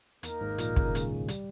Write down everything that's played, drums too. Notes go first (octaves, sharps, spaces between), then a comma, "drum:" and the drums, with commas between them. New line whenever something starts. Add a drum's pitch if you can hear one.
E2 A#3 D#4 A#4, drum: hi-hat
G#1 G#2
A#1 A#2, drum: hi-hat
C#3, drum: kick
D#3
C#2 C#3, drum: hi-hat
G3, drum: hi-hat